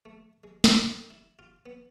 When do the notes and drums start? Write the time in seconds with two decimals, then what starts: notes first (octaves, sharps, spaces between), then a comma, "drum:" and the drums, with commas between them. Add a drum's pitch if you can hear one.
0.05 A3
0.44 G#3
0.64 C5, drum: snare
0.76 F5
1.10 E4
1.39 F4
1.66 B3